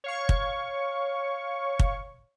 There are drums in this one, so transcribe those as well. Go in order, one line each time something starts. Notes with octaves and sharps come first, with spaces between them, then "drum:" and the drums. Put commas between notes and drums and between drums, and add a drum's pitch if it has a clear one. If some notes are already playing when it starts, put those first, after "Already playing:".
C#5 F5 C#6
drum: kick
drum: kick